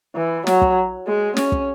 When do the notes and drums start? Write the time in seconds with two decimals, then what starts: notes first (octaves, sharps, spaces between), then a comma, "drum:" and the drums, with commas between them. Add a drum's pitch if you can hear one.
0.16 E3
0.47 F#3, drum: snare
0.62 drum: kick
1.07 G#3
1.37 C#4, drum: snare
1.52 drum: kick